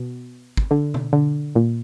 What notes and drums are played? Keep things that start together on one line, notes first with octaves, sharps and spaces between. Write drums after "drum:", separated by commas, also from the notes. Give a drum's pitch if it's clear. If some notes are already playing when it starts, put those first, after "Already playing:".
Already playing: B2
drum: kick
D3
drum: tom B2
D3
A#2